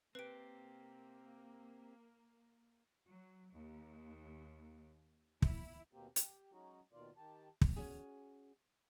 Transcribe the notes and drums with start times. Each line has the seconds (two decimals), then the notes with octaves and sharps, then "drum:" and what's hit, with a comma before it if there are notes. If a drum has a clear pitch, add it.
0.15 A#3 C4 G4 B4 D7
3.09 F#3
3.53 D#2
5.42 E4, drum: kick
5.93 D#2 B2 A#3 C4 G4
6.16 G4, drum: hi-hat
6.52 F#3 G#3 C#4 D#4 F#4
6.93 D#2 B2 D#3 F4 D5
7.17 D#3 G4 A5
7.61 drum: kick
7.76 C#4 F#4 G#4